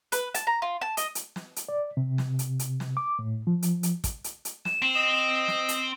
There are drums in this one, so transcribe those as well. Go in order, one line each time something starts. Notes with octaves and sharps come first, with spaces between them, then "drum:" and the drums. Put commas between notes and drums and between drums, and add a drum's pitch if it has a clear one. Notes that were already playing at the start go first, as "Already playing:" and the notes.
B4, drum: hi-hat
A5, drum: hi-hat
A#5
F4
A5
D#5, drum: hi-hat
drum: hi-hat
drum: snare
drum: hi-hat
D5
C3
drum: snare
drum: hi-hat
drum: hi-hat
drum: snare
D6
A2
F3
drum: hi-hat
drum: hi-hat
drum: kick, hi-hat
drum: hi-hat
drum: hi-hat
E7, drum: snare
C4
D#5
drum: snare
drum: hi-hat